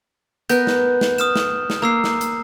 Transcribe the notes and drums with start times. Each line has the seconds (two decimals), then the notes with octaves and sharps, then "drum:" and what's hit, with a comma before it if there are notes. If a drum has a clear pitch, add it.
0.49 B3 A#4 F#6 G6, drum: hi-hat
0.67 drum: snare
1.01 drum: snare
1.18 D#6 F6 E7, drum: hi-hat
1.36 drum: snare
1.70 drum: snare
1.82 A#3 A#5 E6 C7
2.04 drum: snare
2.21 drum: hi-hat